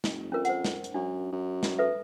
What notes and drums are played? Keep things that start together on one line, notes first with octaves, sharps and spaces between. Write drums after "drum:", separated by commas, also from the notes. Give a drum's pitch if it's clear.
F#1, drum: snare
F2 C#4 A#4
C5 F#5, drum: hi-hat
drum: snare
drum: hi-hat
F#2 D4
F#2
drum: snare
A4 B4 E5